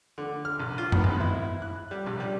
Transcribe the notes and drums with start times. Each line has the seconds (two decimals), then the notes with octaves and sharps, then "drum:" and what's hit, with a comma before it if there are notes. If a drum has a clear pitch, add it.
0.18 D3
0.45 F6
0.60 A#1
0.78 F4
0.92 B3, drum: tom F#2
1.04 G#1
1.20 E4
1.62 F#6
1.91 G3
2.07 A#1
2.20 G3